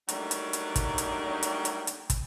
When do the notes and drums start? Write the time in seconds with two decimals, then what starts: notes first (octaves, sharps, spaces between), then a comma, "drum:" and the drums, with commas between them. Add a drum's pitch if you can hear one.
0.09 F#3 G3 A3 A#3 D4 D#4, drum: hi-hat
0.31 drum: hi-hat
0.53 drum: hi-hat
0.76 drum: kick, hi-hat
0.98 drum: hi-hat
1.43 drum: hi-hat
1.65 drum: hi-hat
1.87 drum: hi-hat
2.10 drum: kick, hi-hat